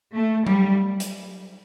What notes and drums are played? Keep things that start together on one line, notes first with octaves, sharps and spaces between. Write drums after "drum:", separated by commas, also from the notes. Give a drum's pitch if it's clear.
A3
G3, drum: tom F#3
drum: hi-hat